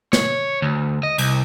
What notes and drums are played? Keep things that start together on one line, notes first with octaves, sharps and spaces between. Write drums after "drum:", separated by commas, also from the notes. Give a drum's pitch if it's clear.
C#5, drum: snare
D2
D#5
C2, drum: cymbal